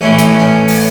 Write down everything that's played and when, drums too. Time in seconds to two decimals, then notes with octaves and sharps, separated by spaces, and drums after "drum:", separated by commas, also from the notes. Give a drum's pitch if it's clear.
0.01 A1 A2 E3 C#4
0.18 drum: hi-hat
0.39 C#4
0.68 drum: open hi-hat